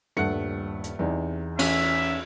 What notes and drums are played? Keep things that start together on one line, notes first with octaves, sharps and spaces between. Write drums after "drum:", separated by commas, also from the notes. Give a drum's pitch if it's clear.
D#1 G2 A3 F#5 C#7
drum: hi-hat
E2 C3 D#4
A1 C#4 E5 E6, drum: cymbal